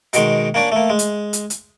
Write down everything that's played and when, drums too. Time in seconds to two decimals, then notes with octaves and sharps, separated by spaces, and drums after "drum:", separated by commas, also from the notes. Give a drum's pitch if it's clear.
0.13 B2 D#3 G#3, drum: hi-hat
0.54 A#3 C#4 D4 D5
0.72 A3 A#3
0.90 G#3
0.99 drum: hi-hat
1.33 drum: hi-hat
1.50 drum: hi-hat